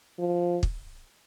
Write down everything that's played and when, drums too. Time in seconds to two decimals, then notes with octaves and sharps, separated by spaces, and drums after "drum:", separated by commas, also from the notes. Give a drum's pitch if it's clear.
0.19 F3
0.63 drum: kick